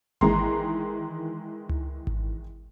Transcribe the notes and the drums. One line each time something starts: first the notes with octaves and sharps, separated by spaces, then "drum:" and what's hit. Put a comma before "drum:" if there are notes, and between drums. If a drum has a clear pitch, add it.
D#3 E3 G#3 A#5 C6, drum: kick G#1
drum: tom C#2
drum: kick G#1